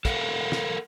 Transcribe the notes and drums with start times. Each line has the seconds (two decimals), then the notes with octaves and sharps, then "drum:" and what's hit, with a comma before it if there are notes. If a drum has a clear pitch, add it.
0.05 A4 A#4 F5 F#5, drum: kick, hi-hat
0.52 drum: snare